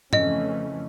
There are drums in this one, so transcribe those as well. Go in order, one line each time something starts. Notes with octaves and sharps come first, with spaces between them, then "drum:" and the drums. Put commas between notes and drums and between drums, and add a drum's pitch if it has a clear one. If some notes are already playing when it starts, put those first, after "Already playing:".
F2 C#3 E3 A3 C#4 D#5, drum: tom